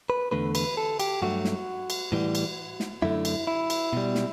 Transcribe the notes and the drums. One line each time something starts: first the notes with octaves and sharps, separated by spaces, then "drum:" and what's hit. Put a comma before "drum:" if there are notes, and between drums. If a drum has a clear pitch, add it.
B4
E2 D3 A3 B4
B4, drum: cymbal
A4
G4, drum: cymbal
G2 F#3 A3 F#4
drum: snare
drum: cymbal
A2 E3 G3
drum: cymbal
drum: snare
F#2 D3 A3 E4
drum: cymbal
E4
drum: cymbal
B2 G3
drum: snare